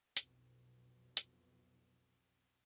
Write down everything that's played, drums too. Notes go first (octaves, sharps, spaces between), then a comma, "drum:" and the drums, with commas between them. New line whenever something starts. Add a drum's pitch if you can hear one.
B1 F2, drum: hi-hat
drum: hi-hat